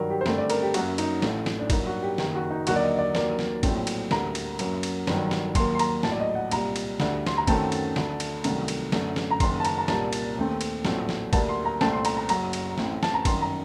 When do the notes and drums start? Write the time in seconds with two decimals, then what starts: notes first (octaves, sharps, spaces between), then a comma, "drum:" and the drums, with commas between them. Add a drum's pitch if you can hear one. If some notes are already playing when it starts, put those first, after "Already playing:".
Already playing: G2 D#3 F#3 A#4
0.10 G4
0.21 C5
0.26 G2 D3 A3 C4 A#4, drum: snare
0.38 D5
0.50 A#4, drum: cymbal
0.62 G4
0.74 F#2 F#3 A#3 F#4, drum: cymbal
0.98 D#4, drum: cymbal
1.22 A1 A2 A3, drum: snare
1.46 drum: snare
1.59 D4
1.70 G2 F#3 A#3 D#4, drum: kick, cymbal
1.86 F#4
2.02 G4
2.18 F#1 F#2 D#3 G4, drum: snare
2.35 F#4
2.51 D#4
2.67 D#2 D3 F#3 A#3 F#4, drum: cymbal
2.76 D5
2.83 D#5
2.99 D5
3.15 D#2 D#3 F#3 A#3 D5, drum: snare
3.39 drum: snare
3.63 A#1 A2 F#3 A3 C4, drum: kick, cymbal
3.87 drum: cymbal
4.11 D2 D3 G3 A#3 A#5, drum: snare
4.35 drum: cymbal
4.59 F#2 F#3 A#3, drum: cymbal
4.83 drum: cymbal
5.07 G1 G2 D#3 F#3, drum: snare
5.31 drum: snare
5.55 D#2 D#3 F#3 A#3 C6, drum: kick, cymbal
5.75 C6
5.79 A#5, drum: cymbal
6.03 A#1 A2 F#3 A5, drum: snare
6.12 D5
6.20 D#5
6.35 F#5
6.51 C2 A#2 G3 A#5, drum: cymbal
6.76 drum: cymbal
7.00 D2 D3 G3, drum: snare
7.26 C6, drum: snare
7.37 A#5
7.47 F#2 D#3 F#3 A3 C4 A5, drum: kick, cymbal
7.72 drum: cymbal
7.96 D2 D3 A3, drum: snare
8.20 drum: cymbal
8.44 C2 C3 D#3 F#3 A3, drum: cymbal
8.68 drum: cymbal
8.92 F#2 D3 A3, drum: snare
9.16 drum: snare
9.31 A#5
9.40 F#1 F#2 D#3 C6, drum: kick, cymbal
9.60 A5
9.65 A#5, drum: cymbal
9.78 A#5
9.88 C2 A#2 G3 A#3 A5, drum: snare
10.13 drum: cymbal
10.37 D#2 D#3 A3 C4
10.61 drum: cymbal
10.85 A#1 A2 F#3 A3 C4, drum: snare
11.09 drum: snare
11.33 D2 D3 G3 A#3 A5, drum: kick, cymbal
11.49 C6
11.65 A#5
11.81 C2 A#2 A3 C4 A5, drum: snare
11.93 C6
12.05 A#5, drum: cymbal
12.17 A#5
12.29 F#1 F#2 F#3 A#5, drum: cymbal
12.53 drum: cymbal
12.78 A1 A2 A3 C4, drum: snare
13.03 A5, drum: snare
13.14 A#5
13.25 G1 F#2 D#3 C6, drum: kick, cymbal
13.41 A#5